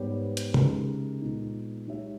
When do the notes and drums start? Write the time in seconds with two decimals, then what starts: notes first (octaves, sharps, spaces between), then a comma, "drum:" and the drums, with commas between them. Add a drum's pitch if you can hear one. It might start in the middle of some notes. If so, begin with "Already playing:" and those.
Already playing: G#2 G3 B3 G4 C#5
0.37 drum: hi-hat
0.54 C#3 G#3 D#4 G4 A#4, drum: tom C3
1.22 A#2 G#3 B3 D#4
1.87 G#3 D#4 G4 C#5 E5